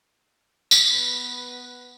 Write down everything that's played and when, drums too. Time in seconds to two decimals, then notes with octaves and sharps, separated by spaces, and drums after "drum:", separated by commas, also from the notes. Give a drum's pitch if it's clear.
0.71 drum: tambourine
0.90 B3 B4